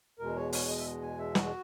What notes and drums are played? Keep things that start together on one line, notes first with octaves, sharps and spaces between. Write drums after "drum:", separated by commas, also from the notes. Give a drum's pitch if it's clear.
E2 B2 G#3 A#4
C#5
C#5, drum: open hi-hat
D#5
E5
D#5
G#5
E5
F#4, drum: snare